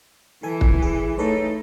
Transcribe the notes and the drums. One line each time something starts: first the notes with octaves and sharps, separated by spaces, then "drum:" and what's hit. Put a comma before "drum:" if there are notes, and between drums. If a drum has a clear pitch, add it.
E3 A4 G#5
drum: kick
G#4
A3 D#4 A4 B4 C#5